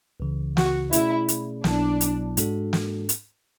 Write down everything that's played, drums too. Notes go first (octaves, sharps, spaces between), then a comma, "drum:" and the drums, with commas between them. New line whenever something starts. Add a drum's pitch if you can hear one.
C#2 C#3 E3
F#4, drum: snare
B2 A3 C#4 E4 G#4 D5, drum: hi-hat
drum: hi-hat
B1 B2 F#3 B3 D4 E4, drum: snare
drum: hi-hat
G#2 G#3 D4 F#4 A4, drum: hi-hat
drum: snare
drum: hi-hat